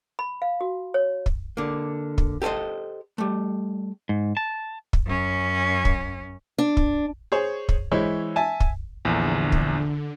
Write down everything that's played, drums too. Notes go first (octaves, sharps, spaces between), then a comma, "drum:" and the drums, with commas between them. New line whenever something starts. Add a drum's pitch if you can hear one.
B5
F5
F#4
C#5
drum: kick
D3 A#3
drum: kick
G4 A4 B4 C5 D#5
G3 A3
G#2
A5
drum: kick
F#2 C#4
drum: kick
D4
drum: kick
G#4 C5 C#5
drum: kick
E3 G#3 E4 C5 C#5
E5 G#5 A5
drum: kick
A#1 E2 D3
drum: kick